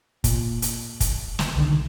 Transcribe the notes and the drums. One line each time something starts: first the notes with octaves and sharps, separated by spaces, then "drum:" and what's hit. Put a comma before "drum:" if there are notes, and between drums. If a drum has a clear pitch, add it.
A#2, drum: kick, hi-hat
drum: hi-hat
drum: kick, hi-hat
drum: snare
C2 D3 D#3